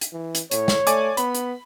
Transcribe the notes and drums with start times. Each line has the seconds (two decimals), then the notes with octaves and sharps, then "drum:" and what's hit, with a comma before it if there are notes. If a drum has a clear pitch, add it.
0.01 drum: hi-hat
0.12 E3
0.35 drum: hi-hat
0.51 A2 C#5, drum: hi-hat
0.68 drum: snare
0.87 A3 D5 G#5 D6, drum: hi-hat
1.17 B3 B5, drum: hi-hat
1.35 drum: hi-hat